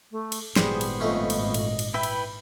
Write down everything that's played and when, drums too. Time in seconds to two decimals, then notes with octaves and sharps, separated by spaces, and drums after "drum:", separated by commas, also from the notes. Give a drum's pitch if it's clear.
0.11 A3
0.32 drum: cymbal
0.56 G#1 A#2 G3 B3 G#4 C5, drum: snare
0.81 drum: cymbal
1.00 F2 A3 C#4 D#5
1.30 drum: cymbal
1.54 drum: cymbal
1.79 drum: cymbal
1.94 E4 B4 E5 G5 B5
2.03 drum: cymbal